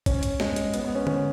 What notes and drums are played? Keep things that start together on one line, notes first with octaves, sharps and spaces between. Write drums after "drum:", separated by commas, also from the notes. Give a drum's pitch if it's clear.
C#4, drum: kick, hi-hat
drum: hi-hat
G#3, drum: snare
drum: hi-hat
B3, drum: hi-hat
B3
C#4
C#4, drum: tom D3